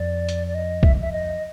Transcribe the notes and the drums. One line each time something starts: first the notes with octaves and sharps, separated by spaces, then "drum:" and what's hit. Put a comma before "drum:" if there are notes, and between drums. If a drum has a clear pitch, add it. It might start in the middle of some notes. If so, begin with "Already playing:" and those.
Already playing: F2 D5
drum: hi-hat
D5
D#5
E5, drum: kick
E5
D#5